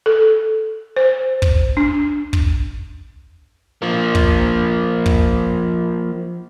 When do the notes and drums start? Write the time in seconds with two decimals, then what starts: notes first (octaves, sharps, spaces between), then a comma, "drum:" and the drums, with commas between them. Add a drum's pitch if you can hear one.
0.06 A4
0.97 C5
1.42 drum: kick
1.77 D4
2.33 drum: kick
3.82 F3 A#3
4.15 drum: kick
5.06 drum: kick